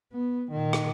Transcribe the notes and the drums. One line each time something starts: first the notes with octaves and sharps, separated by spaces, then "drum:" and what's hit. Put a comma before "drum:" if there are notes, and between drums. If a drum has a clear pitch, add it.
B3
A#2 D#3
drum: rim click